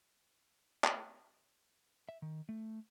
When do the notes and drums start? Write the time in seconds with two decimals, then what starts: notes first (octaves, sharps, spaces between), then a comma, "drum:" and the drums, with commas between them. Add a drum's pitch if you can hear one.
0.84 drum: clap
2.09 E5
2.22 D#3
2.49 A3